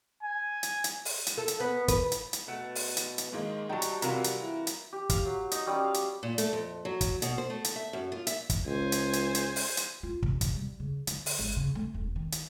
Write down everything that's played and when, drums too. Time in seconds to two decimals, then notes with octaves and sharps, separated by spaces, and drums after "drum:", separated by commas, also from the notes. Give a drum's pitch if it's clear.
0.23 G#5
0.63 drum: hi-hat
0.84 drum: hi-hat
1.05 drum: open hi-hat
1.27 drum: hi-hat
1.38 A4
1.48 drum: hi-hat
1.60 B3
1.88 B4, drum: kick, hi-hat
2.12 drum: hi-hat
2.33 drum: hi-hat
2.48 B2 A3 F#5
2.75 drum: open hi-hat
2.97 drum: hi-hat
3.18 drum: hi-hat
3.32 G#2 D#3 G#3 A#3
3.69 F#3 G3 D#4 G5 A5
3.82 drum: hi-hat
4.02 C3 E3 F4 F#4 A#4, drum: hi-hat
4.24 drum: hi-hat
4.41 E4
4.67 drum: hi-hat
4.93 G4
5.10 F5, drum: kick, hi-hat
5.25 F#3
5.51 D#4, drum: hi-hat
5.66 G3 C#4 D6 D#6
5.84 F5
5.94 drum: hi-hat
6.23 A#2
6.38 A3, drum: hi-hat
6.53 F2
6.85 F#3
7.01 drum: kick, hi-hat
7.22 B2, drum: hi-hat
7.38 C5
7.50 A3
7.64 drum: hi-hat
7.76 E5
7.93 F#2
8.12 F4
8.27 E5, drum: hi-hat
8.50 drum: kick, hi-hat
8.66 C#2 C5 G#5
8.92 drum: hi-hat
9.13 drum: hi-hat
9.35 drum: hi-hat
9.56 drum: open hi-hat
9.77 drum: hi-hat
10.03 F4
10.23 C3, drum: kick
10.41 drum: kick, hi-hat
10.55 G3
10.80 C#3
11.07 D3, drum: hi-hat
11.26 drum: open hi-hat
11.39 G#1
11.57 C#3
11.75 A3
11.94 E1
12.16 D#3
12.32 drum: hi-hat